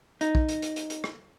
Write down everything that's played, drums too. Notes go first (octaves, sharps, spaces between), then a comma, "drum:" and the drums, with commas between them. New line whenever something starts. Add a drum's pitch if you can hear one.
D#4, drum: hi-hat
drum: kick
drum: hi-hat
drum: hi-hat
drum: hi-hat
drum: hi-hat
drum: rim click